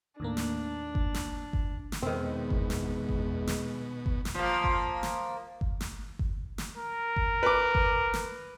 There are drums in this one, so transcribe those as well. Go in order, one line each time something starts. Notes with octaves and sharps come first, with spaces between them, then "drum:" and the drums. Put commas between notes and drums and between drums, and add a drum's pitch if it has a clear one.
D#2 A2 A#3 D4
drum: snare
drum: kick G1
drum: snare
drum: kick G1
drum: snare
E2 B2 D#3 G#3 C4
drum: kick G1
drum: snare
drum: kick G1
drum: snare
drum: kick G1
drum: snare
F3 A#3
drum: kick G1
drum: snare
drum: kick G1
drum: snare
drum: kick G1
drum: snare
A#4
drum: kick G1
B4 D6
drum: kick G1
drum: snare